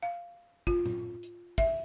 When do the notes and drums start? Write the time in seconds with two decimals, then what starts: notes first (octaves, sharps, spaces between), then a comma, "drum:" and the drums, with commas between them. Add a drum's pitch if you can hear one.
0.02 F5
0.67 F4, drum: kick
0.86 drum: tom A2
1.23 drum: hi-hat
1.58 E5, drum: kick, hi-hat